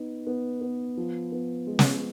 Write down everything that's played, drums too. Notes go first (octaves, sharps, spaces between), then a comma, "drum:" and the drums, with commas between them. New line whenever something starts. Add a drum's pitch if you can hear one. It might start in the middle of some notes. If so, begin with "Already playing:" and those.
Already playing: B3 D#4
B3
B3
F3
B3
G#3
drum: snare